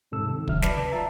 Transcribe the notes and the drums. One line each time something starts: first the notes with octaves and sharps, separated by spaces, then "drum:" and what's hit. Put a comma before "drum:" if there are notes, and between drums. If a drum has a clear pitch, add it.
D#2 G#2 C3 A4 E6
D#3
C2 C#3 F#3 E5 F6, drum: kick
B4 D5 A5, drum: snare
F4 E5 A5 A#5